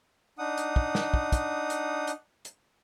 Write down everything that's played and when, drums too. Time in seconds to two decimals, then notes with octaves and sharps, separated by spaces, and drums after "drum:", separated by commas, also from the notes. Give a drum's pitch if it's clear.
0.39 D4 D#4 F#5 D#6
0.57 drum: hi-hat
0.76 drum: kick
0.95 drum: snare
1.14 drum: kick
1.32 drum: kick, hi-hat
1.70 drum: hi-hat
2.07 drum: hi-hat
2.45 drum: hi-hat